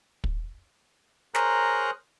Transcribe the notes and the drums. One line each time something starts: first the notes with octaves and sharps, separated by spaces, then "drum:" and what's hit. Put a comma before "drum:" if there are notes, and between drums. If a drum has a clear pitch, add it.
drum: kick
G#4 A#4 C5 C#5 A#5 F#6, drum: snare